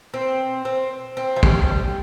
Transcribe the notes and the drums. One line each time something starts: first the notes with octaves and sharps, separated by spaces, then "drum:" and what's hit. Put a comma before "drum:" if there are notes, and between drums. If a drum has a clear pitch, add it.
C4
C4
C4
F3
G3, drum: kick